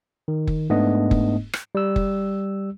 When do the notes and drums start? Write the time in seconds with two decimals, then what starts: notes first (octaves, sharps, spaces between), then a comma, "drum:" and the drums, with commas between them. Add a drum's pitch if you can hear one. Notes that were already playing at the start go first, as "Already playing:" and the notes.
0.28 D#3
0.47 drum: kick F#1
0.70 G#2 A3 B3 D4 D#5
1.11 drum: kick F#1
1.53 drum: rim click
1.75 G3 E6
1.96 drum: kick F#1